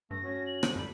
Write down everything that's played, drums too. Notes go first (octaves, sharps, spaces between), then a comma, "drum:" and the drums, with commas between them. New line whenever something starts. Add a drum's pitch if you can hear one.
G2 A3 A#6
C#4 F#4
F#7
D3, drum: rim click
F#2 G3 B5